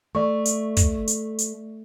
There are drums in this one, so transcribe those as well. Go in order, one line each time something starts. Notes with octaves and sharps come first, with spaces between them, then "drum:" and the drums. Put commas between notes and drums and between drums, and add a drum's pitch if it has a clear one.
A3 D5 C#6
drum: hi-hat
drum: kick, hi-hat
drum: hi-hat
drum: hi-hat